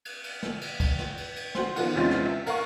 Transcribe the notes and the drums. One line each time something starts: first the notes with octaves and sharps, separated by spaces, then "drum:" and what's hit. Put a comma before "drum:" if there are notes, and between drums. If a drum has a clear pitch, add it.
drum: cymbal
drum: cymbal
drum: snare
drum: cymbal
drum: kick, cymbal
drum: snare
drum: cymbal
drum: cymbal
F#4 C5, drum: snare
D#3 F3 B3 F4 F#5, drum: cymbal
E2 C3 G#3 C#4 F4 A6
drum: snare
E5
A#4 F5 F#5 C#6, drum: cymbal